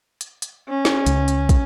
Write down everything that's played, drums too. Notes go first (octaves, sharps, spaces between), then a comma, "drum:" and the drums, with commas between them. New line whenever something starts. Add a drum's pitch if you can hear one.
drum: hi-hat
drum: hi-hat
C#4
drum: snare
C#2, drum: hi-hat
drum: hi-hat
drum: kick, hi-hat